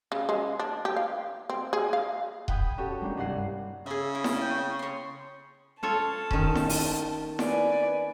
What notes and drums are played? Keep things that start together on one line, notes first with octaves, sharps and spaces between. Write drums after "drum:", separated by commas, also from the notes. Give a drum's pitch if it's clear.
C#3
G#3
D4
G4
F5
C4
G#4
F5
F#5 G5 B5 D#6 G#6, drum: kick D#1
C#4 F#4 G4 A4 C#5
G#3 A#3 D4 G4
C2 G2 G#4 F#5 C7
C#3 G#4 E5
E4
drum: snare E4
G5
C#5 C6
F4 A4 C#5 A5
D#3 C#4, drum: kick D#1
drum: snare E4
drum: open hi-hat
B4 D5 G#5, drum: snare E4